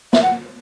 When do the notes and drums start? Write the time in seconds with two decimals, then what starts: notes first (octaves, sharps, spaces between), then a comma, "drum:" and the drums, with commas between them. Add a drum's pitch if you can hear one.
0.13 E5, drum: snare
0.22 F#5